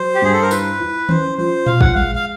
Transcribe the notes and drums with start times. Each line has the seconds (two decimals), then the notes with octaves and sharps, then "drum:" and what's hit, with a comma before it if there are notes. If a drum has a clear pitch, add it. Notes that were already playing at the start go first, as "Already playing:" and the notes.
Already playing: F#3 C5
0.15 G4
0.22 G2 G#4
0.33 A4
0.42 A#4
0.51 E4 B4, drum: tambourine
0.80 E4
1.09 C#4 C5, drum: tom D#3
1.38 F3 C5
1.66 F4 F5, drum: tom A#2
1.81 F#5, drum: kick
1.95 G#3 F5
2.15 F5